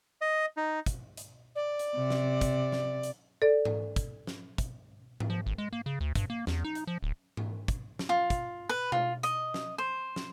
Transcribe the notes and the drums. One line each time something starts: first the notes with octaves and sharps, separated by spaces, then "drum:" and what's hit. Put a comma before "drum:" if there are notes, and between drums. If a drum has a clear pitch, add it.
D#5
D#4
drum: kick, hi-hat
drum: hi-hat
D5
drum: hi-hat
C3
drum: snare
drum: kick, hi-hat
drum: snare
drum: hi-hat
A4 D5
drum: tom G#2
drum: kick, hi-hat
drum: snare
drum: kick, hi-hat
drum: tom G#2
F3
G#1
G#3
A#3
C#3
D2
G2, drum: kick, hi-hat
A#3
E2, drum: snare
D#4
drum: hi-hat
F3
D1
drum: tom G#2
drum: kick, hi-hat
drum: snare
F4
drum: kick, hi-hat
B4
F4, drum: tom B2
D#5, drum: hi-hat
drum: snare
C5
drum: snare